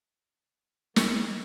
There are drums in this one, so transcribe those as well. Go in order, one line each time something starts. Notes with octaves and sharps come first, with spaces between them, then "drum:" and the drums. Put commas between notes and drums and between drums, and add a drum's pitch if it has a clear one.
A3 A#3 A#4, drum: snare